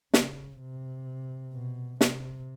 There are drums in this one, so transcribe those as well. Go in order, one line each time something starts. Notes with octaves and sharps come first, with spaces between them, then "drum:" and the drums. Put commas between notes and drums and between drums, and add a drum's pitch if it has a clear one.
C#3, drum: snare
C3
B2
C3, drum: snare